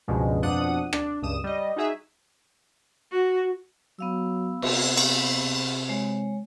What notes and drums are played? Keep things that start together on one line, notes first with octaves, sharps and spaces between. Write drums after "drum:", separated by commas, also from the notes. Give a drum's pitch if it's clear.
C#2 G2 B2 F3 G#3
F2 B2 F3 D4 F#5 D#6
D4, drum: rim click
C#2 G2 D#6 E7
G3 D#5
D#4 F#4 G#4 E5
F#4
F#3 B3 F5 E6
C3, drum: cymbal
drum: cymbal
G#3 C#5